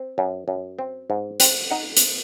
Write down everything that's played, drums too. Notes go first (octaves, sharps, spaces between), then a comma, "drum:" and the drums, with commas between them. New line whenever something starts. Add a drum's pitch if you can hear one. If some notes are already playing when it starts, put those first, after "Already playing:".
Already playing: C4
F#2
F#2
C4
G#2
C4, drum: hi-hat
D#4 F#5
drum: hi-hat